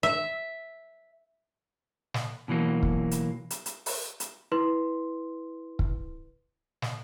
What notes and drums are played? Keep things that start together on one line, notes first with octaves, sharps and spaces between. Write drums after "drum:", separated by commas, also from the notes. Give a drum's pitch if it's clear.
E5
drum: snare
B2 E3 F#3 A#3
drum: kick
drum: hi-hat
drum: hi-hat
drum: hi-hat
drum: open hi-hat
drum: hi-hat
E4 B4 C6
drum: kick
drum: snare